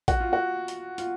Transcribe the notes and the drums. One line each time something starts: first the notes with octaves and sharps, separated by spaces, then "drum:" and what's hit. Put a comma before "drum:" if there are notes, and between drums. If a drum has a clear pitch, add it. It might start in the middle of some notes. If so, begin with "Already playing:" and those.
F#4, drum: kick, hi-hat
F4
F#4
drum: hi-hat
F4, drum: hi-hat